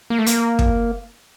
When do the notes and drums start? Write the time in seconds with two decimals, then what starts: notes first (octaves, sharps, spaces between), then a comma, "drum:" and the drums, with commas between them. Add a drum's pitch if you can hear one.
0.10 A#3
0.19 A3
0.26 A#3, drum: hi-hat
0.59 drum: kick